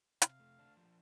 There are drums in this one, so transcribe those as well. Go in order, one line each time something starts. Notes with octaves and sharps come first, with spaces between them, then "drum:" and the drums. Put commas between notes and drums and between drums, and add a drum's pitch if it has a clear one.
C3 F5, drum: hi-hat
A3
D4
F3